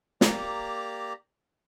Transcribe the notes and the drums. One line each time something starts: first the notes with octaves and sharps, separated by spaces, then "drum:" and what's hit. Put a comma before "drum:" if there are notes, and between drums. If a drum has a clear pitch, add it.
A#3 G4 D5 A#5, drum: snare